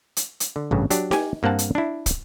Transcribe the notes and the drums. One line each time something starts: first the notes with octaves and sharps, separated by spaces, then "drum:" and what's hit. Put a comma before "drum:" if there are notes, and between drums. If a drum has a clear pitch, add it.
drum: hi-hat
drum: hi-hat
D3
A1 G2 C#3
F#3 D4 G4, drum: hi-hat
G4 G#5, drum: snare D#4
G2 A#3 C4 F#5 A5
drum: hi-hat
D4 E4
drum: kick, hi-hat